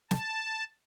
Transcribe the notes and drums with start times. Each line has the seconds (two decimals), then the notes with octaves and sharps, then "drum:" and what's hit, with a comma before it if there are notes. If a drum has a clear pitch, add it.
0.11 A5, drum: snare